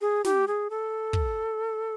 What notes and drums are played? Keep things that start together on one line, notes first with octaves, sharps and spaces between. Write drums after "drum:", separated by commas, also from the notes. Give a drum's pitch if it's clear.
G#4
G4, drum: snare
G#4
A4
drum: kick